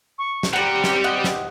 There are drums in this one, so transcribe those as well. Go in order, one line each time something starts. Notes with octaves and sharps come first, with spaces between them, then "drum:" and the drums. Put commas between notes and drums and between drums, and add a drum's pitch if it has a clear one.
C#6
drum: snare
G3 C4 G4 F#5 A#5 C#7
drum: snare
D#5 F#5
drum: snare